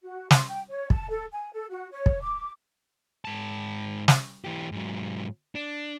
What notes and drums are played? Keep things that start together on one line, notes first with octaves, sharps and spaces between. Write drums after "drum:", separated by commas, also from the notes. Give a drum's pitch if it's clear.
F#4
C6, drum: snare
G5
C#5
A5, drum: kick
A4
G#5
A4
F#4
C#5
drum: kick
D6
G#2 A5
drum: snare
E3 G4
G#2 F#3
D4